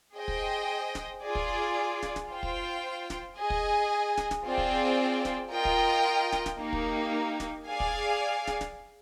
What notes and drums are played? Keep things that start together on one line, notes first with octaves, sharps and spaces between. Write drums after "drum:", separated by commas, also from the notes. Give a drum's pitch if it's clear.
G#4 C5 D#5 G5
drum: kick
drum: snare
F4 G#4 D5 G#5
drum: kick
drum: snare
drum: snare
F4 C5 G5
drum: kick
drum: snare
G#4 D#5 G#5
drum: kick
drum: snare
drum: snare
C4 F4 G#4 D5 G5
drum: kick
drum: snare
F4 A#4 D#5 G5
drum: kick
drum: snare
drum: snare
A#3 D#4 G4
drum: kick
drum: snare
G#4 D5 F5 G#5
drum: kick
drum: snare
drum: snare